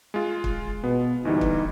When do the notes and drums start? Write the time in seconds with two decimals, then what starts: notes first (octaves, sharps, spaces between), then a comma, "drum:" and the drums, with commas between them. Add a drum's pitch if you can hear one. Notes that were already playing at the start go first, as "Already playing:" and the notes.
0.14 G#3 F4
0.44 drum: kick
0.84 B2 B3
1.25 D2 E3 G3 D#4
1.41 drum: kick